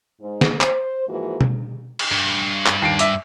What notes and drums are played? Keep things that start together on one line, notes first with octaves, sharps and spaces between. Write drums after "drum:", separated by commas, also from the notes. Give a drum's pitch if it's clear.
G#2
drum: snare
C5, drum: clap
G#2 E3 F3 A#3 F#4 G#4
drum: tom B2
drum: cymbal
G2
drum: clap
D#2 C7 D7
E5 D6, drum: hi-hat